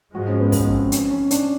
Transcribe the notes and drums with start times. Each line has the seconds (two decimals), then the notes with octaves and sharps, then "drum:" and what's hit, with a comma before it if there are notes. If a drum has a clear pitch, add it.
0.15 G#2 F3 G#3 F#4
0.28 C#4
0.40 B3
0.52 B3, drum: kick, open hi-hat
0.66 C#4
0.72 C4
0.92 C#4, drum: hi-hat
1.11 C#4
1.31 D4, drum: hi-hat